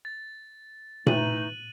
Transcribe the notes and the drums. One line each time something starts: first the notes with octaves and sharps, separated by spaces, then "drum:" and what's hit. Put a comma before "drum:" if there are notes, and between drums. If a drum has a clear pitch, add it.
A6
E3 A3 D#4 F#6 D#7 F#7, drum: tom A#2